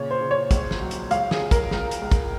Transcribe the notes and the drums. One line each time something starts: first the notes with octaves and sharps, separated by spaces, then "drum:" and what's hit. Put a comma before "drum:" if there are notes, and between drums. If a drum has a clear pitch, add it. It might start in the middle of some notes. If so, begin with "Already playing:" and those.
Already playing: A#2 C#3 C#5
C5
C#3
C#5
C#2, drum: kick, hi-hat
drum: snare
F#3
drum: hi-hat
C#2 F5, drum: hi-hat
G#4, drum: snare
C#2
A#4, drum: kick, hi-hat
C#2, drum: snare
drum: hi-hat
C#2
drum: kick, hi-hat